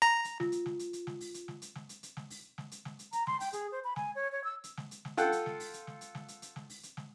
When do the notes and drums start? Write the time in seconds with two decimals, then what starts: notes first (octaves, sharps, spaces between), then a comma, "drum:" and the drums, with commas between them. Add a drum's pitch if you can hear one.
0.02 A#5
0.24 drum: hi-hat
0.40 F4, drum: snare
0.52 drum: hi-hat
0.66 drum: snare
0.79 drum: hi-hat
0.93 drum: hi-hat
1.07 drum: snare
1.21 drum: open hi-hat
1.34 drum: hi-hat
1.48 drum: snare
1.62 drum: hi-hat
1.75 drum: snare
1.89 drum: hi-hat
2.03 drum: hi-hat
2.17 drum: snare
2.30 drum: open hi-hat
2.58 drum: snare
2.72 drum: hi-hat
2.85 drum: snare
2.99 drum: hi-hat
3.12 A#5, drum: hi-hat
3.27 C6, drum: snare
3.40 G5, drum: open hi-hat
3.53 G#4, drum: hi-hat
3.72 C5
3.84 B5
3.96 G#5, drum: snare
4.15 C#5
4.32 C#5
4.44 E6
4.64 drum: hi-hat
4.77 drum: snare
4.91 drum: hi-hat
5.05 drum: snare
5.17 F4 A4 F#5 G5, drum: hi-hat
5.32 drum: hi-hat
5.46 drum: snare
5.60 drum: open hi-hat
5.73 drum: hi-hat
5.87 drum: snare
6.01 drum: hi-hat
6.15 drum: snare
6.28 drum: hi-hat
6.42 drum: hi-hat
6.56 drum: snare
6.70 drum: open hi-hat
6.83 drum: hi-hat
6.97 drum: snare